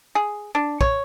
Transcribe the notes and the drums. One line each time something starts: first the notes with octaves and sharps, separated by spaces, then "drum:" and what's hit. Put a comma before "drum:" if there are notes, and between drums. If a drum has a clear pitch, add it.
G#4
D4
C#5, drum: kick